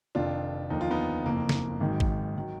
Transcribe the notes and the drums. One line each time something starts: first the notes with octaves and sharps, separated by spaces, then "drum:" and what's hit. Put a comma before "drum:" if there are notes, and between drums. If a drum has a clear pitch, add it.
F1 F2 D#3 D4 F4
D#2 D3 F3 D#4
F4
B3 D#4
F#1 F2 F3 A#3
drum: snare
G#1 G#2 D#3 F#3
drum: kick
D#3 F#3